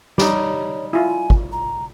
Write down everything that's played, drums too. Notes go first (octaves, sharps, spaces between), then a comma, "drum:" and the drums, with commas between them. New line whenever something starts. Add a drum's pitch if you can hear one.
G3 D#4 C#5, drum: snare
E4 F4 G#5
drum: kick
A#5